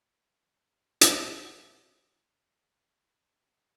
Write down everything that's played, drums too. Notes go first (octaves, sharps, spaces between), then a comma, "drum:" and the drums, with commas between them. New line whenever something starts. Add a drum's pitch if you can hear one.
C#4 F#4 G#5
B3 C4 G4 A#4 C5 G#5
drum: hi-hat
G6
A6
B4
E5
B4
D4